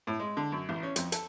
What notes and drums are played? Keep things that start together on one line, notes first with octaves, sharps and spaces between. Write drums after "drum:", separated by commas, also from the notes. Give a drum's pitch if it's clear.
A2
G#3
D3
F#2
A1
C#4
F2, drum: hi-hat
A4, drum: hi-hat